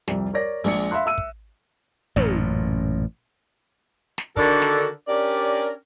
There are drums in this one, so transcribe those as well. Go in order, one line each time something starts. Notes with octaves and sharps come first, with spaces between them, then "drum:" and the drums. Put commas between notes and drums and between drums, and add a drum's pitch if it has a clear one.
C2 F2 G3, drum: snare
A#4 C#5 D5 A#6
A#1 G#3 D5 C#7, drum: open hi-hat
E5 F5 B5 C6 F#6
E5 E6 D#7
drum: kick
A1 F#2 A#2, drum: tom
drum: snare
D3 D#3 D4 F#4 A4 A#4, drum: kick
drum: snare
C#4 D4 G4 A#4 D5